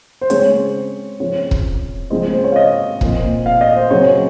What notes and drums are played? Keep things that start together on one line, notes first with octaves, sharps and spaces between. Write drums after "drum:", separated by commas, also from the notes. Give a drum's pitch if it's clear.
C5
C#3 G#3 C4 C#5, drum: hi-hat
C#3 F3 C4 C#5
drum: kick
C#3 F3 G#3 C4 D#5
C5
C5
C#5
F5
D#5
A#2 F3 C4, drum: kick
F5
D#5
C5
C#3 F#3 C4 C#5